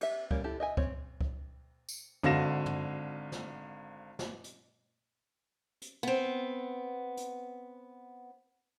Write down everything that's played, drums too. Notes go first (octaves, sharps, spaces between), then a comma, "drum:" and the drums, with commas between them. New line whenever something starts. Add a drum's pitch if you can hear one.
G4 E5, drum: cymbal
G3 A#3 C#4, drum: kick C#2
E4 G4 A4
D#5 E5 G#5
C4 C#5, drum: kick C#2
drum: kick C#2
drum: tambourine
G#1 D3 F#4 F5 A#6 E7, drum: tom
drum: tom
drum: snare
drum: snare
drum: hi-hat
drum: hi-hat
B3 C4
drum: hi-hat